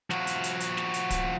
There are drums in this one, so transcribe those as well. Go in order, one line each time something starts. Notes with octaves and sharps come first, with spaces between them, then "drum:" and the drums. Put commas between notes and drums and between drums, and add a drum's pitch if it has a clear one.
F3 F#4, drum: snare
drum: hi-hat
drum: hi-hat
drum: hi-hat
drum: snare
drum: hi-hat
drum: kick D1, hi-hat